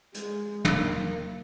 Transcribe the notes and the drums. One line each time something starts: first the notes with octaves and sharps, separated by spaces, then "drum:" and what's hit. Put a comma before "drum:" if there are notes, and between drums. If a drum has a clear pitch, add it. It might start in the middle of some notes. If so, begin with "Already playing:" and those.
G#3, drum: hi-hat
A#3, drum: tom